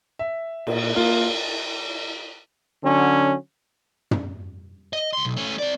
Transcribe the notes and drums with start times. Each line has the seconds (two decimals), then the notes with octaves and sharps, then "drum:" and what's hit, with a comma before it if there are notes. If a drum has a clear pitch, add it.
0.19 E5
0.67 A#2, drum: cymbal
0.96 A#3 F4
2.83 D3 F#3 C#4
4.11 drum: tom
4.93 D#5
5.13 C#2 C6
5.25 B1
5.37 A3 C#4
5.59 C4 D5